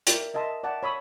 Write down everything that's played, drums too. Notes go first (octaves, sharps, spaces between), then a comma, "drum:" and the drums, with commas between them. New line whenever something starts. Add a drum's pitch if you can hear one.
A#4 D5 E5 G5, drum: hi-hat
A#4 D#5 E5 A5 C6
D5 E5 F#5 G5 A5
C#5 B5 D#6 E6